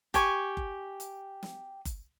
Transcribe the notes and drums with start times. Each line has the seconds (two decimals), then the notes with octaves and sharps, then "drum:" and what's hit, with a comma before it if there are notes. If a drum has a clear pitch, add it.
0.14 G4 G#5 C#6, drum: kick F#1, hi-hat
0.57 drum: kick F#1
1.00 drum: hi-hat
1.43 drum: snare
1.85 drum: kick F#1, hi-hat